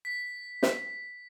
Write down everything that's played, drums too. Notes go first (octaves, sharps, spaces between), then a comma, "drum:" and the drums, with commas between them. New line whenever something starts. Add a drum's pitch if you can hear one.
B6
drum: snare